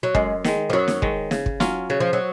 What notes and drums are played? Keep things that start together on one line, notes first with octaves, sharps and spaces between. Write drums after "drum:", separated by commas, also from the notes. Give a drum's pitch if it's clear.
F#3
F#2 G#3, drum: kick
D#3 G#3, drum: snare
F3
F#2 F#3
drum: snare
D#3 G#3, drum: kick
C#3, drum: snare
drum: kick
F#3 C#4 F4, drum: snare
C#3 F#3
F3
F#3